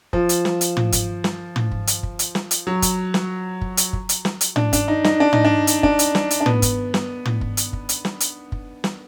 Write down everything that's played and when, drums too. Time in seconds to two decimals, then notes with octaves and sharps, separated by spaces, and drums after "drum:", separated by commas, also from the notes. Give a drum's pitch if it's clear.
0.13 F3, drum: kick F#1
0.29 drum: hi-hat
0.45 drum: snare
0.61 drum: hi-hat
0.77 drum: tom
0.92 drum: kick F#1, hi-hat
1.24 drum: snare
1.56 drum: tom
1.72 drum: kick F#1
1.87 drum: hi-hat
2.03 drum: kick F#1
2.19 drum: hi-hat
2.35 drum: snare
2.51 drum: hi-hat
2.67 F#3
2.82 drum: kick F#1, hi-hat
3.14 drum: snare
3.61 drum: kick F#1
3.77 drum: hi-hat
3.93 drum: kick F#1
4.09 drum: hi-hat
4.25 drum: snare
4.41 drum: hi-hat
4.56 D4, drum: tom
4.73 D4, drum: kick F#1, hi-hat
4.88 D#4
5.04 D#4, drum: snare
5.20 D4
5.33 D#4, drum: tom
5.45 D4
5.67 drum: hi-hat
5.83 D4, drum: kick F#1
5.99 drum: hi-hat
6.15 drum: snare
6.31 drum: hi-hat
6.41 D4
6.46 B3, drum: tom
6.62 drum: kick F#1, hi-hat
6.94 drum: snare
7.25 drum: tom
7.41 drum: kick F#1
7.57 drum: hi-hat
7.73 drum: kick F#1
7.89 drum: hi-hat
8.05 drum: snare
8.20 drum: hi-hat
8.52 drum: kick F#1
8.84 drum: snare